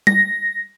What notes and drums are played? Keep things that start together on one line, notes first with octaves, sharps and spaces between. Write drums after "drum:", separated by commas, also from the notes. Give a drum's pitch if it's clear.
A#6, drum: tom G3